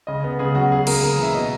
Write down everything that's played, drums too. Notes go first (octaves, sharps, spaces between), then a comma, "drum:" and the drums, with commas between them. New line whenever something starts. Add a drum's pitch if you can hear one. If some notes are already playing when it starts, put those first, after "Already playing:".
C#3 D#5
B3
C#3 G#4
F#3 F#4
C#3 G#4
A#3 A#4, drum: cymbal
C#3 A#4
E3 E5
B2 D#5